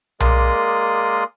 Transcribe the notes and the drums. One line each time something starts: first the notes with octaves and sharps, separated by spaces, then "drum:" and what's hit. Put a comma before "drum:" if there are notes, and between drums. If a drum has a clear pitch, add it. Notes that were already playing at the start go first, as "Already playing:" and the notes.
G#3 A#3 A#4 D5 C6 D#6, drum: tom B1